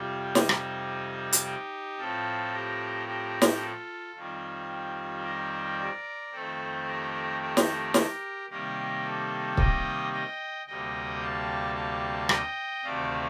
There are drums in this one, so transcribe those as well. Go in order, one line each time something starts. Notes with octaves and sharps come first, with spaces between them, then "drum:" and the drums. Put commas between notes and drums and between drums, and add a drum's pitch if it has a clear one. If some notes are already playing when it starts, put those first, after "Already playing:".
Already playing: F2 C3 G3 C4 F4
D#4, drum: snare
drum: rim click
drum: hi-hat
D#4 G4
A2 F3 C4 F4 A4
G4 A#4
G4 A#4
drum: snare
F4 A4
F2 D#3 G3 C4 F4
G4 A#4
A#4 D5
F2 D#3 A3 C4 A4 C5
G4 A#4
G4 A#4
drum: snare
drum: snare
C3 D#3 G3 A#3 G4 A#4
A4 C5
D#5 G5, drum: kick
D#5 G5
D2 C3 G3 A#3 D#5 G5
F5 A5
F5 A5
D#5 G5, drum: rim click
D2 C3 D#3 A3 C4 D5 F5